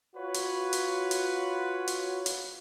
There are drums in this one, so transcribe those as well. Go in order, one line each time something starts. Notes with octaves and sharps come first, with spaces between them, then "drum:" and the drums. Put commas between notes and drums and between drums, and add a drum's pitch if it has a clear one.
F4 F#4 B4 C#5
drum: hi-hat
drum: hi-hat
drum: hi-hat
drum: hi-hat
drum: hi-hat